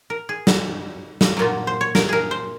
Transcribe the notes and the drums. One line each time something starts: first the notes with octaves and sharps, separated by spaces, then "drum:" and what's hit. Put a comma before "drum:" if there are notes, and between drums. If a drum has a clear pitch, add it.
A#4
G#4
drum: snare
drum: snare
A#2 F#3 A#3 F4
C5
C#5
A#4, drum: snare
G#4 A#4
C5